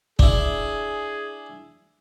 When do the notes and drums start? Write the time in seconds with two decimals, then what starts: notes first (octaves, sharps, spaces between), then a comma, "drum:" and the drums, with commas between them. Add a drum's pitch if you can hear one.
0.19 D4 E4 G#4, drum: kick